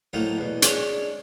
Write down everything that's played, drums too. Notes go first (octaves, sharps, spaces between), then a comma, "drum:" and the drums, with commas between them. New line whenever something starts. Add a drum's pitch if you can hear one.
A2 F3 F#3 A#3 D#4
E2 B2
G#3 C#4 D4 C#5, drum: hi-hat